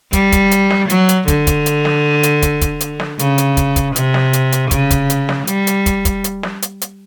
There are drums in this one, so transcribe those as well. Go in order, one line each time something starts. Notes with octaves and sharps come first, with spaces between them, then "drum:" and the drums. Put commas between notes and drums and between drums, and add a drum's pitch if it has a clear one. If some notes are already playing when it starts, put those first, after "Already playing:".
G3, drum: kick, hi-hat
drum: kick, hi-hat
drum: hi-hat
drum: snare
F#3, drum: hi-hat
drum: hi-hat
D3, drum: kick, hi-hat
drum: kick, hi-hat
drum: hi-hat
drum: snare
drum: hi-hat
drum: kick, hi-hat
drum: kick, hi-hat
drum: hi-hat
drum: snare
C#3, drum: hi-hat
drum: hi-hat
drum: kick, hi-hat
drum: kick, hi-hat
C3, drum: hi-hat
drum: snare
drum: hi-hat
drum: hi-hat
C#3, drum: kick, hi-hat
drum: kick, hi-hat
drum: hi-hat
drum: snare
G3, drum: hi-hat
drum: hi-hat
drum: kick, hi-hat
drum: kick, hi-hat
drum: hi-hat
drum: snare
drum: hi-hat
drum: hi-hat